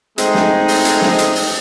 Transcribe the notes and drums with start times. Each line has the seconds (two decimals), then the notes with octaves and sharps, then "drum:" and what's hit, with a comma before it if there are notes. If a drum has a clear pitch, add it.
0.18 G#3 A3 C4 D#4 G#4, drum: hi-hat
0.35 drum: snare
0.68 drum: open hi-hat
0.85 drum: hi-hat
1.02 drum: snare
1.18 drum: hi-hat
1.35 drum: open hi-hat